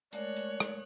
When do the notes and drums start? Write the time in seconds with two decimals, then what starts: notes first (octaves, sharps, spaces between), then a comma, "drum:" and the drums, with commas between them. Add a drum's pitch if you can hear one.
0.13 G#3 A3 A#4 C#5 D5 F#6, drum: hi-hat
0.37 drum: hi-hat
0.60 drum: rim click